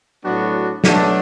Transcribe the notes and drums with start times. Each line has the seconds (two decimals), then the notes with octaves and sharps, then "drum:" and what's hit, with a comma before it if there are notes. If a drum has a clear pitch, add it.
0.24 A2 F#3 B3 D4 F#4
0.84 B2 F#3 A3 D4 F#4, drum: snare